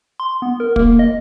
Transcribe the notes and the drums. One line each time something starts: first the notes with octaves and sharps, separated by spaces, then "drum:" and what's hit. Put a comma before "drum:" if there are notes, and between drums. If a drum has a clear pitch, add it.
C6
B3
A#4
A#3, drum: kick
D#5